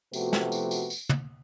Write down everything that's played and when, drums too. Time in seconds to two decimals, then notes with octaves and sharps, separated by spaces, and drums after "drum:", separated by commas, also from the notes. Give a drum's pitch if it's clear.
0.13 C3 F3 A3 B3 F#4, drum: tambourine
0.33 drum: snare
0.52 drum: tambourine
0.71 drum: tambourine
0.90 drum: tambourine
1.09 drum: tom